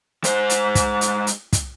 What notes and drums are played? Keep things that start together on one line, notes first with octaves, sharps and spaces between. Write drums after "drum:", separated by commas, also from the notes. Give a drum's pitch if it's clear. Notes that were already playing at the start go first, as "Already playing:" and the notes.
G#3 C5, drum: hi-hat
drum: hi-hat
drum: kick, hi-hat
drum: hi-hat
drum: hi-hat
drum: kick, hi-hat